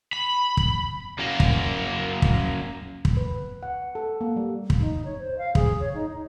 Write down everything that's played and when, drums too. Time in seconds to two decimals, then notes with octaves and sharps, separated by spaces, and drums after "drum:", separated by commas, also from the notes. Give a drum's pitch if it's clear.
0.13 B5
0.57 drum: kick
1.19 F#2 A#3
1.40 drum: kick
2.22 drum: kick
3.05 drum: kick
3.17 B4
3.63 F#5
3.95 A4
4.21 A#3
4.36 G3
4.70 drum: kick
4.80 D#4
5.05 C#5
5.19 C5
5.38 F5
5.55 G#4, drum: kick
5.80 C#5
5.94 D#4
6.10 D#4